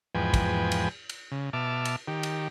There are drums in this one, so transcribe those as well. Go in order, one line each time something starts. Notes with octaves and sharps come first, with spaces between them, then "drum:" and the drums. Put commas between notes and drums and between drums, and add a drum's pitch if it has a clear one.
E2 G#2 F3 B4 G5 G#5
drum: kick, cymbal
drum: cymbal
drum: cymbal
C#3
B2 E5 A5 D6 F6
drum: cymbal
D#3 G4
drum: cymbal